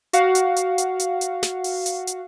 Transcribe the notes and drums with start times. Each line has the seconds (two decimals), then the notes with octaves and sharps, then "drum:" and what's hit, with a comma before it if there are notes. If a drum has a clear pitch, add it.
0.13 F#4 F5 F#5, drum: hi-hat
0.35 drum: hi-hat
0.56 drum: hi-hat
0.78 drum: hi-hat
1.00 drum: hi-hat
1.21 drum: hi-hat
1.43 drum: snare
1.64 drum: open hi-hat
1.86 drum: hi-hat
2.07 drum: hi-hat